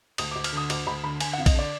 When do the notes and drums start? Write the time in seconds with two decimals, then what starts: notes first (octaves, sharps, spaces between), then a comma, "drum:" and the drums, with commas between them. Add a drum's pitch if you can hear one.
0.18 D2 D#6, drum: cymbal
0.31 D6
0.36 D2
0.44 F6, drum: cymbal
0.53 D3 D#6
0.70 D2 D6, drum: cymbal
0.87 D2 B5
1.04 D3 B5
1.20 D3 G#5, drum: cymbal
1.33 F#5
1.38 F2 F5
1.46 D#5, drum: kick A#1, cymbal
1.54 D3 D5